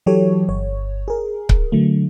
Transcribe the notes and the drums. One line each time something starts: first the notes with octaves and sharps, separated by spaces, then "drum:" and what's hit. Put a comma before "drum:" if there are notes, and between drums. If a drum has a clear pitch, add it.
E3 F#3 G4 A4 C#5
G1 C#5
G#4 A#4
drum: kick C#1
D3 F#3 A3